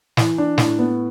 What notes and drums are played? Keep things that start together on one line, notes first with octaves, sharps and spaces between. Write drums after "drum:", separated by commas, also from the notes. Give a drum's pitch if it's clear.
E3, drum: snare
D4
A2, drum: snare
B3